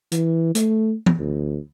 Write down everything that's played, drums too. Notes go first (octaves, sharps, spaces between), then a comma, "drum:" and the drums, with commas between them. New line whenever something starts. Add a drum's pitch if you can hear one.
E3, drum: hi-hat
A3, drum: hi-hat
drum: tom E3
D2